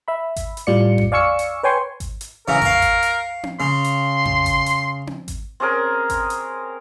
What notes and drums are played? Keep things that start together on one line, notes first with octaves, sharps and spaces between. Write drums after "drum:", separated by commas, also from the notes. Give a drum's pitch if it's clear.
E5 B5
drum: kick G#1, hi-hat
drum: hi-hat
A2 G3 F4 D5 C#7
drum: tom F2
D5 F5 G#5 C#6 E6 C#7
drum: hi-hat
B4 C#5 G5 G#5 C6 C#6
drum: kick G#1, hi-hat
drum: hi-hat
C#3 E3 F#3 A#4
F5 C#6, drum: tom F2
drum: kick G#1, hi-hat
drum: hi-hat
drum: tom C4
C#3 C6
drum: hi-hat
drum: tom F2
drum: kick G#1, hi-hat
drum: hi-hat
drum: tom C4
drum: kick G#1, hi-hat
C4 C#4 G#4 A#4
drum: kick G#1, hi-hat
drum: hi-hat